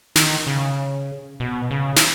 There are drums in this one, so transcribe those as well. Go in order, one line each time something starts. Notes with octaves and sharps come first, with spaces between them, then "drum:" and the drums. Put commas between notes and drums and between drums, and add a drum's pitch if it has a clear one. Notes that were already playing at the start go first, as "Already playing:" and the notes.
D#3, drum: snare
C#3
B2
C#3
E3, drum: snare